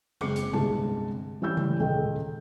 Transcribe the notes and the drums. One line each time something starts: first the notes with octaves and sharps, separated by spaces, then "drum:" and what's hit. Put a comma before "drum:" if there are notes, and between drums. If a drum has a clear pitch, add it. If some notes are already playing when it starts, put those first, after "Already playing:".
F#1 G#3 C4 D6 C7 C#7, drum: cymbal
drum: hi-hat
G1 C2 G#3 A5, drum: tom C3
E3 G3 C#4 E6 G6
drum: tom C#3
D#1 C#2 A4 D#5 G5